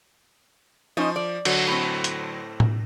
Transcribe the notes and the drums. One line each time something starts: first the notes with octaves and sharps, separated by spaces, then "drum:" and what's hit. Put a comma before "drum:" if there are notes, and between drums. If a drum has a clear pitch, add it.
F3 C#4 D#4 C5 D#5
D5
D3 F#3 F#4, drum: cymbal
A2 C4
drum: hi-hat
drum: tom A2